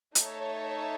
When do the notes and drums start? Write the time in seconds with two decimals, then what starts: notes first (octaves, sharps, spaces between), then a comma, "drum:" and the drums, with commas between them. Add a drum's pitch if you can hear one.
0.15 A3 D#4 A4 C#5 E5 A5, drum: hi-hat